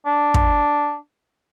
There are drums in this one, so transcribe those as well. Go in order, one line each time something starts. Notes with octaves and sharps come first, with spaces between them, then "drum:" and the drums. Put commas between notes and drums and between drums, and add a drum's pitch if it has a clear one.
D4
drum: kick